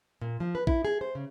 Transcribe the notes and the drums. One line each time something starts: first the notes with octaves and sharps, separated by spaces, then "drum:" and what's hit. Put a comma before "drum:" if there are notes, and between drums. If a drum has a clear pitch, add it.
A#2
F3
B4
E4, drum: kick A#1
G#4
C5
C#3